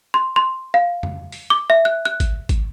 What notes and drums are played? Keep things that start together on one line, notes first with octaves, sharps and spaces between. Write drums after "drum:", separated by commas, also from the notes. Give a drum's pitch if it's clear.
C6
C6
F5
drum: tom
drum: open hi-hat
D6
E5
F#6
F#6
drum: kick G#1, hi-hat
drum: kick G#1, hi-hat